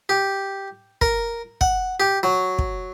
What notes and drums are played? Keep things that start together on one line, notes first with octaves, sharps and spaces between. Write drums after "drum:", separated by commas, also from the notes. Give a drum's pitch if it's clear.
G4
A#4, drum: kick
F#5, drum: kick
G4
F#3
drum: kick